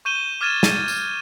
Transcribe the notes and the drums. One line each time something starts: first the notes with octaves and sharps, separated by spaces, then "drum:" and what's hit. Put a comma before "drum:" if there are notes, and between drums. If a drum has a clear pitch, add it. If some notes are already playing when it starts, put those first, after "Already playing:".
C#6 G6 D#7 E7 G7
D6 F6 G#6 A6 D#7 E7
D#7, drum: snare
drum: tambourine